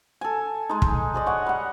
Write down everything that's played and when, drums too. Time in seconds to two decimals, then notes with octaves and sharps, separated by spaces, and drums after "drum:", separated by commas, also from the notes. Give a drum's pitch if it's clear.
0.21 A4 G#5
0.69 G#3 D#4
0.82 drum: kick
1.14 G#4 D5 D#5
1.26 C#5 F#5
1.46 G3 F#5